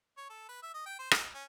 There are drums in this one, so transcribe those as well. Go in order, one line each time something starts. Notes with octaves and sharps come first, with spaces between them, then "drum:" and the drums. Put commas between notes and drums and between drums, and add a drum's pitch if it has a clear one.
C#5
A4
B4
E5
D#5
G5
C5
D#4, drum: rim click
C#4